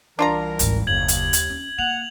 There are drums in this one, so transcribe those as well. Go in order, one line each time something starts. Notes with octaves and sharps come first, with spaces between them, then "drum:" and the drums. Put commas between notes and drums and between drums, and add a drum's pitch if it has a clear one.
C2 E3 D4 F4 A#4 A#5
G#1 D2, drum: hi-hat
F#1 D#2 G#6 F#7
drum: hi-hat
drum: hi-hat
C#4
A#3 F#5 F7 F#7